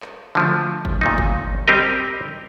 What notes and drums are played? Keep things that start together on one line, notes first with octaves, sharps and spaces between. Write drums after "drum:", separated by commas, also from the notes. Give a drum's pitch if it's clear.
drum: clap
D3 F3 A3
drum: kick G1
A#2 A3 D#4
drum: kick G1
G3 C4 G4 A#4 D#5